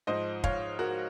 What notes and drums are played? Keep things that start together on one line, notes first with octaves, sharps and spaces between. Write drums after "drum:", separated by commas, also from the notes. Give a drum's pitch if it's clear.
G#2 F3 C5 D#5
C#5 F5, drum: kick
F#4 A#4